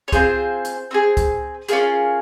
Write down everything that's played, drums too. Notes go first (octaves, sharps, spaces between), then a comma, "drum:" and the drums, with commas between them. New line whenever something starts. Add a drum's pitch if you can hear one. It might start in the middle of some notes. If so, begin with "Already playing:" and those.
C#5
C4 F4 G#4 C5, drum: kick C#2, hi-hat
drum: hi-hat
C4 F4 G#4
drum: kick C#2, hi-hat
C#4 F4 G#4 A#4, drum: hi-hat